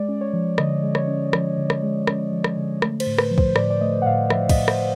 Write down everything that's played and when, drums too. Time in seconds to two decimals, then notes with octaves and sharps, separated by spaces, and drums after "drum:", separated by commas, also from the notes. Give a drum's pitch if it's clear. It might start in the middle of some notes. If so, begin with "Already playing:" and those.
Already playing: G#3 D5
0.09 C#4
0.21 C#5
0.33 F3
0.58 D3 D#5, drum: rim click
0.83 G#3
0.95 C#5, drum: rim click
1.08 C#4
1.33 F3, drum: rim click
1.57 D3
1.70 drum: rim click
1.83 G#3
2.07 C#4, drum: rim click
2.32 F3
2.44 drum: rim click
2.57 D3
2.82 A3, drum: rim click
3.00 C5, drum: cymbal
3.07 A2
3.18 B4, drum: rim click
3.31 F3
3.38 C5, drum: kick
3.56 A2 D5, drum: rim click
3.70 D5
3.81 A3 D#5
4.02 F#5
4.06 A2 F5
4.30 F3 E5, drum: rim click
4.49 D#5, drum: kick, cymbal
4.55 A2
4.68 C5, drum: rim click